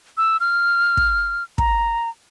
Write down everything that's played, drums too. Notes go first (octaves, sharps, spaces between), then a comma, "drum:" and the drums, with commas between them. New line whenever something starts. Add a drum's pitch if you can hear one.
E6
F6
drum: kick
A#5, drum: kick